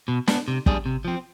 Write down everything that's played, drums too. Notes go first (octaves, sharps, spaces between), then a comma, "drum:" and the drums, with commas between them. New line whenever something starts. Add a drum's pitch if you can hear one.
B2
B3 D4, drum: snare
C3
G3 D4 G#4, drum: kick
C3
F3 C4